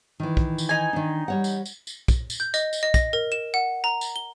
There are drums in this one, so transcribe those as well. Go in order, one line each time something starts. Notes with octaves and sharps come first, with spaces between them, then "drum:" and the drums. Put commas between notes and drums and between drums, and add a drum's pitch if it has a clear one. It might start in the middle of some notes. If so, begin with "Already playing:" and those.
D#3 E3
drum: kick
drum: tambourine
D#4 G#5
D#3 D4
G3 C#5 F#5
drum: tambourine
drum: tambourine
drum: tambourine
drum: kick, tambourine
drum: tambourine
G6
D#5, drum: tambourine
drum: tambourine
D#5
A#6, drum: kick, tambourine
A#4
E7
F#5
A#5
drum: tambourine
G7